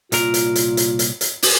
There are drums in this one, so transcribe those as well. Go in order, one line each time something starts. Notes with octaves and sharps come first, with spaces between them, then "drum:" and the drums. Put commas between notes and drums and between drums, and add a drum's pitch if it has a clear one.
C2 A#2 F4 A#4, drum: hi-hat
drum: hi-hat
drum: hi-hat
drum: hi-hat
drum: hi-hat
drum: hi-hat
drum: open hi-hat